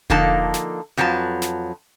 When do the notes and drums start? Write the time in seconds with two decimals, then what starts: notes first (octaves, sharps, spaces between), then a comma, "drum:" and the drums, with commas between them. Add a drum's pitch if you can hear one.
0.10 D3 F3 A#3 D#4 A5, drum: kick E1
0.54 drum: snare
0.97 F2 F3 F#3 B4 A5
1.42 drum: snare